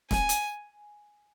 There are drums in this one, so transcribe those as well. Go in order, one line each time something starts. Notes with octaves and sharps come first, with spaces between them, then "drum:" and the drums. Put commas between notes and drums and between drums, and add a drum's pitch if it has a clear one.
G#5, drum: snare
drum: hi-hat